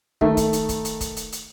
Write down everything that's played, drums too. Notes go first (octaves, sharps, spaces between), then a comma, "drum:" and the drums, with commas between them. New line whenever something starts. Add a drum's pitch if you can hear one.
D#3 A3, drum: kick
drum: kick, hi-hat
drum: hi-hat
drum: kick, hi-hat
drum: hi-hat
drum: kick, hi-hat
drum: hi-hat
drum: hi-hat